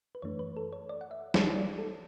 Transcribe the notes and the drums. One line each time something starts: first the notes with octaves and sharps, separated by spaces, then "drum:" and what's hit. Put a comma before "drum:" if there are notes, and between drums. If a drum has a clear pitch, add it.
B4
F#2 E3 A3 D4 C#5
B4
A4
C#5
D5
F#5
E5
C#5, drum: snare
D5
A4